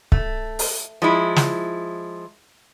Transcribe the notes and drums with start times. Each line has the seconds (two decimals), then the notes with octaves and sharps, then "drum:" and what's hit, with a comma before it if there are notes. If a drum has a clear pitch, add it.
0.12 A3, drum: kick C#1
0.59 drum: open hi-hat
1.02 F3 G#3 E4
1.36 drum: snare